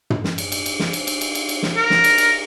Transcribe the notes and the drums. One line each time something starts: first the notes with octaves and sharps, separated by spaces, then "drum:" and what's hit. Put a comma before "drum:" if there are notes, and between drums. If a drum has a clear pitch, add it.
drum: tom
drum: snare
drum: cymbal
drum: cymbal
drum: cymbal
drum: snare
drum: cymbal
drum: cymbal
drum: cymbal
drum: cymbal
drum: cymbal
drum: snare
A#4
drum: snare
drum: cymbal
drum: cymbal